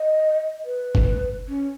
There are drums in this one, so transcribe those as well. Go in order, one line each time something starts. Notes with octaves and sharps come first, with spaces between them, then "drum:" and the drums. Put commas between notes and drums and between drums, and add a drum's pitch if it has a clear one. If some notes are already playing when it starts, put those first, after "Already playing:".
Already playing: D#5
B4
drum: kick F#1
C#4